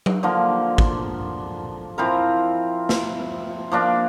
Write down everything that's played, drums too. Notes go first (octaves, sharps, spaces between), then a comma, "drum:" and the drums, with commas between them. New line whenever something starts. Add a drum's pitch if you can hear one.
drum: tom F#3
D3 F3 A#3
drum: kick
F3 C4 E4 A#4
drum: snare
F3 A#3 D4